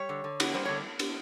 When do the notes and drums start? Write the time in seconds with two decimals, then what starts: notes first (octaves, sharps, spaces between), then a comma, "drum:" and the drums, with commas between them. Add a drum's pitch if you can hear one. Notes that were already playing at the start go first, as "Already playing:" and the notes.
Already playing: G3 C#5
0.09 D3
0.24 D3
0.40 B3, drum: cymbal
0.54 G3 C5
0.65 D3 C#5
0.99 drum: cymbal